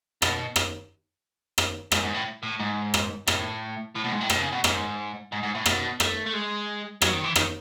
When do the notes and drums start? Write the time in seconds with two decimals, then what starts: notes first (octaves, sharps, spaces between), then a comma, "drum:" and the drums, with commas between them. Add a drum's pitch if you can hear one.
0.22 B2, drum: rim click
0.56 drum: rim click
1.58 drum: rim click
1.92 G#2, drum: rim click
2.03 G#2
2.14 A2
2.43 A2
2.60 G#2
2.94 drum: rim click
3.28 A2, drum: rim click
3.96 A2
4.04 B2
4.13 G#2
4.21 A2
4.30 B2, drum: rim click
4.41 C#3
4.53 B2
4.64 G#2, drum: rim click
5.32 G#2
5.43 G#2
5.55 A2
5.66 B2, drum: rim click
6.00 A3, drum: rim click
6.26 A3
6.34 G#3
7.02 F#3, drum: rim click
7.13 D#3
7.24 E3
7.36 D#3, drum: rim click